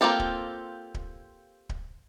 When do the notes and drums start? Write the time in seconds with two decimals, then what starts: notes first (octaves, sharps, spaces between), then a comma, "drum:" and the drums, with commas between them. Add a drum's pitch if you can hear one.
0.01 A#3 C4 F4 G4 A4
0.20 drum: kick D1
0.94 drum: kick D1
1.69 drum: kick D1